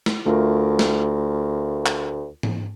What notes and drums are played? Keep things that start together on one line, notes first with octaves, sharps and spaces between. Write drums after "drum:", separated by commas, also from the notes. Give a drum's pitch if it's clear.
drum: snare
D2 A3 F4 A#4
drum: snare
drum: clap
drum: tom